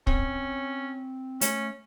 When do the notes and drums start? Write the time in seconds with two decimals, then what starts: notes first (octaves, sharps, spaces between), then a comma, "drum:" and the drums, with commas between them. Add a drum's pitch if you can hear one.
0.07 C4 C#4, drum: kick
1.41 A3 C#4, drum: hi-hat